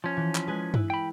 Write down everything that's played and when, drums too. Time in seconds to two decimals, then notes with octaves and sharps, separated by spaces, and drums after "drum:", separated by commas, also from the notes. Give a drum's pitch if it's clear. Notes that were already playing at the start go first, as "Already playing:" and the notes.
0.04 F3 C#4
0.17 E3
0.35 B5, drum: clap
0.47 G#3 B4 G#5
0.74 E4 B4, drum: tom G2
0.90 G5 B5